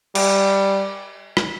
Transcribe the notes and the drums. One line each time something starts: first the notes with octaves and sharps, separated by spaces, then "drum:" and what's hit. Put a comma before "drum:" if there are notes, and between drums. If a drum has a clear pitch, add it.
G3, drum: cymbal
drum: rim click